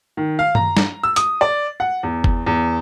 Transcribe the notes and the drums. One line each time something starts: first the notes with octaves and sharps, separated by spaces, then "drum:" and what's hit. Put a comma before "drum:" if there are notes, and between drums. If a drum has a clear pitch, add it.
D#3
F5
A#5, drum: tom G2
drum: snare
E6
D#6, drum: hi-hat
D5
F#5
E2
drum: kick F#1
E2